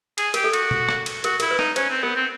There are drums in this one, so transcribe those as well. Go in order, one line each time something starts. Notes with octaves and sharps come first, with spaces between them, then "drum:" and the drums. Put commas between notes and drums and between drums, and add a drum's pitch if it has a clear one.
G#4, drum: cymbal
G4 A#4, drum: cymbal
A4
F#4, drum: cymbal
drum: tom B2
drum: rim click
drum: cymbal
F#4 A#4, drum: cymbal
E4 A#4, drum: cymbal
B4
D#4, drum: rim click
C#4 C5, drum: cymbal
C4
B3 A#4
C4